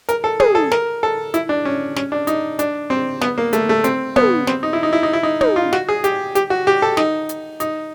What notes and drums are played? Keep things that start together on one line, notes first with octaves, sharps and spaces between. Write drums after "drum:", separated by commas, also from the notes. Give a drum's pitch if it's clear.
A#4, drum: hi-hat
A4
G#4, drum: tom
A4
A#4, drum: snare
A4
E4, drum: hi-hat
D4
C#4
C#4, drum: snare
D4
D#4, drum: hi-hat
D4, drum: hi-hat
C4
B3, drum: snare
A#3
A3, drum: hi-hat
A3
C4, drum: hi-hat
B3, drum: tom
C4, drum: snare
D#4
E4
D#4
E4
D#4
E4
D#4
D#4, drum: tom
F4
F#4, drum: snare
G#4
G4, drum: hi-hat
G4, drum: hi-hat
F#4
G4
A4
D#4, drum: snare
drum: hi-hat
D#4, drum: hi-hat